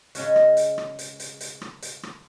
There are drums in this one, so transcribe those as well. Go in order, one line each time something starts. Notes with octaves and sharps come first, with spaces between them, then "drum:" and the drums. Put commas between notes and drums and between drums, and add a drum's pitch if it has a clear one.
C#3 G#3 C#4 F#4, drum: hi-hat
drum: rim click
drum: hi-hat
drum: rim click
drum: hi-hat
drum: hi-hat
drum: hi-hat
drum: rim click
drum: hi-hat
drum: rim click